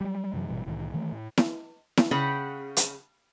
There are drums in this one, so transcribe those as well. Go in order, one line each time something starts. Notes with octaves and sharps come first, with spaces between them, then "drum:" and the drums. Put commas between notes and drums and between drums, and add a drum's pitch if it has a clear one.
F#3 G3
F#2 C3 E3 F#3
G#1 B2 E3 G3
C2 A2 D#3 E3
D#3 E3 A3
A2
drum: snare E4
drum: snare E4
C#3 F#5 G5 B5
drum: hi-hat